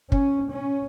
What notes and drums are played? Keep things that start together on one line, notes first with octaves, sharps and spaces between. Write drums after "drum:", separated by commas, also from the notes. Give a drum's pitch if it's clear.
C#4, drum: kick
C#4